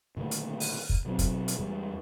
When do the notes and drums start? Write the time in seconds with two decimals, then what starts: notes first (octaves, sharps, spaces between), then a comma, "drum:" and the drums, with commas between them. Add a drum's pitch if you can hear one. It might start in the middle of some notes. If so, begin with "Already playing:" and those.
0.17 A#2 D3 D#3 A3
0.31 drum: hi-hat
0.60 drum: open hi-hat
0.89 drum: kick
1.05 B2 F#3 C4
1.19 drum: kick, hi-hat
1.48 drum: hi-hat
1.57 E2 G3 G#3